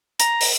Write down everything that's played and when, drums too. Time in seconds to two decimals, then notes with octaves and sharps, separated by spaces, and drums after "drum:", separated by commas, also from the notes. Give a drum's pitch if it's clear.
0.20 A#5, drum: hi-hat
0.41 drum: open hi-hat